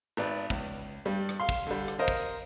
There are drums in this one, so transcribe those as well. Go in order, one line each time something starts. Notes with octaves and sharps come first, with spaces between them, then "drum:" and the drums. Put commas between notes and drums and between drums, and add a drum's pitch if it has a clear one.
G#1 B4 D5
C#2, drum: kick
G2 G3
drum: rim click
F5 C6
drum: kick
D3 G3
drum: rim click
A#4 C5 D#5 F5
drum: kick